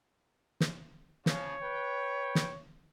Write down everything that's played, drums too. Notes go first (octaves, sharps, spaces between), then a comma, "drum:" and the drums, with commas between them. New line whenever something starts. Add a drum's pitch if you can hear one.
drum: snare
C#3 F3 C#5, drum: snare
B4 G5
drum: snare